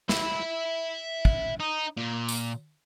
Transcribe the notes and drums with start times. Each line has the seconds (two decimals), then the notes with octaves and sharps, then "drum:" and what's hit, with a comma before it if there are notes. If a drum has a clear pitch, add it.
0.09 E5 B5, drum: snare
1.25 drum: kick
1.60 D#4
1.97 A#2
2.29 drum: tambourine